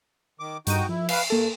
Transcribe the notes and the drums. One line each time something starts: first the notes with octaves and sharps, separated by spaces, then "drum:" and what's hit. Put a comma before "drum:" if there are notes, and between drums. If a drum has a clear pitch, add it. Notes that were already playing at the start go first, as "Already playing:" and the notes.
D#3 D6
G2 D#4 F#4 G5 D#7, drum: hi-hat
F3 E4
B4 F5 C7, drum: cymbal
G2 A#3 A4